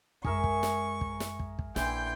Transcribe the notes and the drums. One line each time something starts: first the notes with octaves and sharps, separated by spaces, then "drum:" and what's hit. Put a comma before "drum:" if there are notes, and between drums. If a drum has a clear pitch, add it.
F#2 G#3 G#4 A#4 E5 C#6, drum: kick
drum: kick
drum: snare
drum: kick
drum: snare
drum: kick
drum: kick
A#1 D3 E3 E4 G5 C6 G6, drum: snare